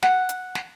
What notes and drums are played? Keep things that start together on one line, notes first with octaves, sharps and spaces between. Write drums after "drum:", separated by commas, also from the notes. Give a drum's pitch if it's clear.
F#5, drum: snare
drum: hi-hat
drum: snare